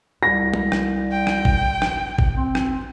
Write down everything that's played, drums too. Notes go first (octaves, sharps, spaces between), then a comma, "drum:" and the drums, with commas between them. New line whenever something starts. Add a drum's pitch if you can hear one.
C2 A#6
drum: tom
drum: rim click
G5
drum: rim click
drum: kick G#1
drum: rim click
drum: kick G#1
C4
drum: rim click